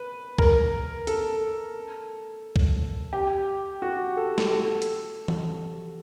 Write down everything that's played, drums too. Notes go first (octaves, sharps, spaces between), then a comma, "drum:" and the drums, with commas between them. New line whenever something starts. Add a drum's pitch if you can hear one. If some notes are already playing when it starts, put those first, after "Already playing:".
Already playing: B4
A#4, drum: kick
A4, drum: hi-hat
drum: kick
G4
F#4
A4
drum: snare
A4
drum: hi-hat
drum: tom E3